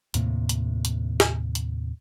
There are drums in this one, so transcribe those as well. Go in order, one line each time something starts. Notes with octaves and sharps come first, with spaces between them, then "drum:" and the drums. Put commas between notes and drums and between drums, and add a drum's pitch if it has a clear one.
D#2 A2 C3 A#3, drum: hi-hat
drum: hi-hat
drum: hi-hat
drum: snare
drum: hi-hat